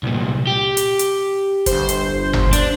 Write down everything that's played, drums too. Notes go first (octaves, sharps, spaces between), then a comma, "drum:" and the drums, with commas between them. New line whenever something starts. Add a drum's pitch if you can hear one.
C2 A#2
G4
drum: hi-hat
drum: hi-hat
G1 C5, drum: kick, hi-hat
drum: hi-hat
drum: tom G1
D4, drum: hi-hat